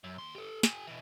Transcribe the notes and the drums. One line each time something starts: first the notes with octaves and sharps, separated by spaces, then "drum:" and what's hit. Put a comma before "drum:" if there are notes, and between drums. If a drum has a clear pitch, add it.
F#2
D#2 C6
G4 A4
G4 G#5, drum: snare
B2 E3